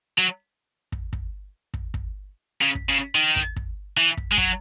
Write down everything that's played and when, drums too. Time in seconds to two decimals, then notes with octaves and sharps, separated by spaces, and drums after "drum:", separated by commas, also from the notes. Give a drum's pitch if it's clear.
0.18 F#3
0.92 drum: kick
1.13 drum: kick
1.74 drum: kick
1.94 drum: kick
2.62 C#3
2.75 drum: kick
2.89 C#3
3.15 D#3
3.36 drum: kick
3.56 drum: kick
3.98 E3
4.17 drum: kick
4.32 G#3
4.38 F#3, drum: kick